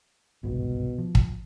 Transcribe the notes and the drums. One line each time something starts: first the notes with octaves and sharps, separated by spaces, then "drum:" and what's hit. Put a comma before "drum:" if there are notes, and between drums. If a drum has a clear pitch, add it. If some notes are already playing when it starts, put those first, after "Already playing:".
G1 C2 G#2 B2
F3
drum: kick